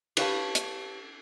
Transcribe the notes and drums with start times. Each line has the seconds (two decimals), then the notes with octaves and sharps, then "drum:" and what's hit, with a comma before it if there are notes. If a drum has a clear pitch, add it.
0.17 G4 B4 C#5 F5 G5 A5, drum: cymbal
0.55 drum: hi-hat